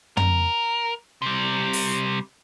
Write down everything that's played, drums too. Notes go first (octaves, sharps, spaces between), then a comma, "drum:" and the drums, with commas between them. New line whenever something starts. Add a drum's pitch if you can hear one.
A#4, drum: tom
C3 G3
drum: open hi-hat